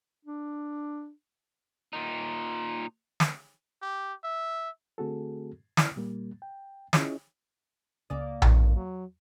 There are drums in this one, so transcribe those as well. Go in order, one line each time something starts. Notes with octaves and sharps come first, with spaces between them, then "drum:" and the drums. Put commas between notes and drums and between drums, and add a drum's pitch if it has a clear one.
D4
A#2 D#4
drum: snare
G4
E5
D3 A3 C4 F#4 G#4 A4
C#3 E4 D5 F6, drum: snare
A#2 G3 A#3
G5
C#4 E4 F4 G#4 C#5 D#5, drum: snare
C#2 C#3 A#3 D5 D#6
E2 D#3, drum: tom A#1
F#3